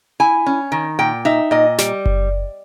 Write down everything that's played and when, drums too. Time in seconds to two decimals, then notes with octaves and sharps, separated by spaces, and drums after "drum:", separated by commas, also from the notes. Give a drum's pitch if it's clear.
0.20 E4 G#5
0.46 C#4
0.72 D#3
0.99 A#2 G5
1.25 D#4 E5
1.51 A#2 D#5
1.78 G3, drum: snare
2.06 drum: kick F#1